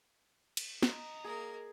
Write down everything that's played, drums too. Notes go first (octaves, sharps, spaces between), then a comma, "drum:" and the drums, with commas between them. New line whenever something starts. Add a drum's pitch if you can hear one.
drum: cymbal
D#5 A#5, drum: snare
A#3 G#4 A#4